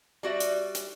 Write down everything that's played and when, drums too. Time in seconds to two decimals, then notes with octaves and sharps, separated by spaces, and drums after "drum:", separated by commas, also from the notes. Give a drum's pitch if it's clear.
0.23 G3 F#4 D5 E5
0.40 drum: hi-hat
0.75 drum: hi-hat